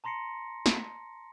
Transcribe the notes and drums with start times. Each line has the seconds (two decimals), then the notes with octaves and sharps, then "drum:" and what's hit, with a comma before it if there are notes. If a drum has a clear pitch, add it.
0.04 A5 A#5 C6 A#6 C7 C#7
0.66 drum: snare